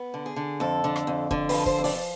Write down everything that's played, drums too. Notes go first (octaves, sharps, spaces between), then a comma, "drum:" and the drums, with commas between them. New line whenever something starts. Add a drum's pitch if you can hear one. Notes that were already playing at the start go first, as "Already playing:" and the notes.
Already playing: B3
D3
G#4
D3
F2 A4
D3
drum: rim click
F2
D3, drum: kick
B4, drum: open hi-hat
F3
C5, drum: kick
F2
D5, drum: open hi-hat
D5